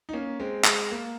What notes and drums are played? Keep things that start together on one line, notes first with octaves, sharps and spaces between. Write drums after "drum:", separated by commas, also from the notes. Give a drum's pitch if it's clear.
D#4
A#3 C#4
G#3 C4
G#3, drum: clap
A#3